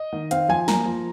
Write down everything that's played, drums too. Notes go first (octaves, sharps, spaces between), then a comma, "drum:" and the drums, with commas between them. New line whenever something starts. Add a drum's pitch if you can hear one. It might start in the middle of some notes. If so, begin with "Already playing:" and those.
Already playing: D#5
D#3
C4 F5, drum: hi-hat
F3 G#5
A#3 A#5, drum: snare
F3